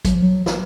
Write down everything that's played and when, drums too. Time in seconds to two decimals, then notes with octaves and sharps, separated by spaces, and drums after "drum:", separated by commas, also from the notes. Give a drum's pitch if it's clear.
0.05 F#3, drum: kick, hi-hat
0.14 F3
0.22 F#3
0.46 drum: snare